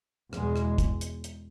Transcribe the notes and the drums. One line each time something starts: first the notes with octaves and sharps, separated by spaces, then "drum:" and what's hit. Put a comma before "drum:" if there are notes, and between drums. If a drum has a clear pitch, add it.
E2 B2 G#3, drum: rim click
drum: rim click
drum: kick, hi-hat
drum: hi-hat
drum: hi-hat